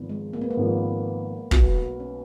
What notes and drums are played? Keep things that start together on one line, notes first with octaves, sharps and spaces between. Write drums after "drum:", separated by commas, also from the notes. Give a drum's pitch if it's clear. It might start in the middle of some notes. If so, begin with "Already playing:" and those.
Already playing: G#1 G#2 F3 B3
G#3
A#3
B3
A#3
G#1 G#2 F3 B3
B1 B2 F#3 B3, drum: kick
C#4